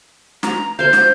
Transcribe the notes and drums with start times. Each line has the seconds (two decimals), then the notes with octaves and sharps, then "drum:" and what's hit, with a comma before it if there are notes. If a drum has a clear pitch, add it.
0.43 A#5, drum: snare
0.79 C5 F5 G6
0.93 drum: snare